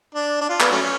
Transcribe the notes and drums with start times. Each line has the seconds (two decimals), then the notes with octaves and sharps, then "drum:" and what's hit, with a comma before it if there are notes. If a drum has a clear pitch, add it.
0.14 D4
0.41 D4
0.49 F4
0.60 B3, drum: clap
0.71 F#3 A3 C#4